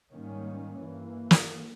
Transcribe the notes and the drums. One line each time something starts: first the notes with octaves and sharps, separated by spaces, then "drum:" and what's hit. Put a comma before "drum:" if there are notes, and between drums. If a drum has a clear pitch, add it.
G#2 D#3 G3 A#3 C#4
G2 E3 A#3
drum: snare